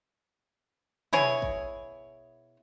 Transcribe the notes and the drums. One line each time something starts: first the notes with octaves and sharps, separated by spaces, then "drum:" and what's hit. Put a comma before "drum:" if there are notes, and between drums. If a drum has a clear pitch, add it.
B2 E4 G#4 C#5, drum: tom
drum: kick